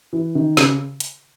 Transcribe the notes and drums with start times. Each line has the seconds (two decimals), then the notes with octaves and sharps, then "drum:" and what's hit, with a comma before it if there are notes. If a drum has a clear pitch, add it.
0.13 E3
0.35 D#3
0.57 C#3, drum: snare
1.00 drum: hi-hat